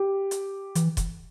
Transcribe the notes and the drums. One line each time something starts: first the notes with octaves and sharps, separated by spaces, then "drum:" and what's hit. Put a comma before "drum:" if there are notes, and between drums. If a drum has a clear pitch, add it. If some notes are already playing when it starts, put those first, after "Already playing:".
Already playing: G4
drum: hi-hat
E3, drum: hi-hat
drum: kick E1, hi-hat